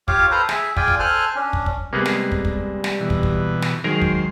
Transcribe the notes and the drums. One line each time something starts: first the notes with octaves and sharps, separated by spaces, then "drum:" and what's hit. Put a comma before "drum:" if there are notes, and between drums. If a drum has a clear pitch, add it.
F4 G4 C#5 F5 D6, drum: kick
A4 B4 C5 A#5
G#4 E5, drum: snare
F4 G#4 D5 G5 G#5, drum: kick
drum: kick
A4 C5 G#5 F6 F#6
C#4 D4
drum: kick
drum: kick
C3 G3 G#3 A#3 B3 G#4
drum: snare
drum: kick
drum: kick
drum: snare
B2 E3
drum: kick
drum: kick
drum: snare
D#3 F#3 G#3 G#4 A#4 C5 A#5
drum: kick